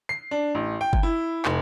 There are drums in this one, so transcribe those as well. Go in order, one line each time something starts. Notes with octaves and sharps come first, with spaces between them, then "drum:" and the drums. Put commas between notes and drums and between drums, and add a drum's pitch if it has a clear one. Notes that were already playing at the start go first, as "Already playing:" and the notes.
C7
D4
A1
G5
drum: kick G1
E4
F1, drum: clap